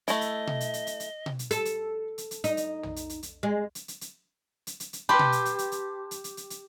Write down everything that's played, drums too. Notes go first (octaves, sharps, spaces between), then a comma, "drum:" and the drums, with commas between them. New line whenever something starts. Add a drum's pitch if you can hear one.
A3 E4 D#5, drum: hi-hat
drum: hi-hat
drum: tom B2
drum: hi-hat
drum: hi-hat
drum: hi-hat
drum: hi-hat
drum: tom B2
drum: hi-hat
A4, drum: hi-hat
drum: hi-hat
drum: hi-hat
drum: hi-hat
D#4, drum: hi-hat
drum: hi-hat
drum: tom
drum: hi-hat
drum: hi-hat
drum: hi-hat
G#3
drum: hi-hat
drum: hi-hat
drum: hi-hat
drum: hi-hat
drum: hi-hat
drum: hi-hat
G4 B4 A5 B5 C6
drum: tom B2
drum: hi-hat
drum: hi-hat
drum: hi-hat
drum: hi-hat
drum: hi-hat
drum: hi-hat
drum: hi-hat
drum: hi-hat